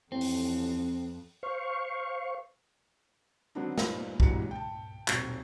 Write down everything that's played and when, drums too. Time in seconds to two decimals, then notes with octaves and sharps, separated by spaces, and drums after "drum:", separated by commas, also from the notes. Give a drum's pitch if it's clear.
0.12 A1 F2 C4
0.21 drum: open hi-hat
1.43 C5 F5 C#6
3.55 D3 D#3 F#3 B3 C4 D4
3.78 G3 D#4 F4 G4 B4 C5, drum: snare
4.20 G1 C2 E3 F#3 G#3 C#7, drum: kick
4.51 G5 A5
5.08 D#1 B1 C4 C#6 G6 G#6, drum: clap